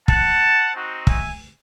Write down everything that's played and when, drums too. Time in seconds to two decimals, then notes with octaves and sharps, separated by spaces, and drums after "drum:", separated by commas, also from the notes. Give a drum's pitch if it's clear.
0.08 F#5 A5, drum: kick
0.74 C4 D#4 F#4
1.07 E5 G#5, drum: kick